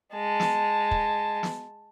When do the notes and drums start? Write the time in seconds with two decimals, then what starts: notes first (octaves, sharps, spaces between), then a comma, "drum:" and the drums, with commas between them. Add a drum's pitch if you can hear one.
0.14 G#3 A5
0.40 drum: snare
0.91 drum: kick
1.43 drum: snare